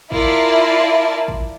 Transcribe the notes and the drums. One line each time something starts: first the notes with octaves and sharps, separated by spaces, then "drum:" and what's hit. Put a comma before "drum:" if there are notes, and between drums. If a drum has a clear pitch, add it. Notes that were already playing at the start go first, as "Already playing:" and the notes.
E4 F4 A#4 D5 A5, drum: kick G#1
drum: kick G#1